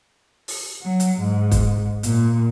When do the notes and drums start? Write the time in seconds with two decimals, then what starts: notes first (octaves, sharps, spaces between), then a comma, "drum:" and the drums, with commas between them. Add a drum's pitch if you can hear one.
0.48 drum: open hi-hat
0.83 F#3
1.00 drum: hi-hat
1.21 G#2
1.51 drum: kick, hi-hat
2.03 A#2, drum: hi-hat